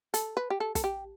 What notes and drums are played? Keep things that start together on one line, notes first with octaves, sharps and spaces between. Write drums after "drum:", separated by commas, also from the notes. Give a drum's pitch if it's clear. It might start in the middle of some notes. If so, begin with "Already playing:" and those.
A4, drum: hi-hat
B4
G4
A4
A4, drum: kick, hi-hat
G4